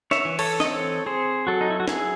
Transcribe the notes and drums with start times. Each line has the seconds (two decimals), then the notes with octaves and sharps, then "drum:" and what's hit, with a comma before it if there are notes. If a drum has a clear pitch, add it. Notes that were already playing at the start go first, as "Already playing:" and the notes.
0.11 C#5 E5, drum: snare
0.25 E3
0.39 A4 C#5, drum: cymbal
0.60 D#5, drum: snare
0.65 C4 A4 C#5
1.06 C4 G#4 C5
1.47 F#3 F#4 A4
1.61 D#4
1.70 E4
1.80 F#4
1.88 F#3 E4 G#4, drum: snare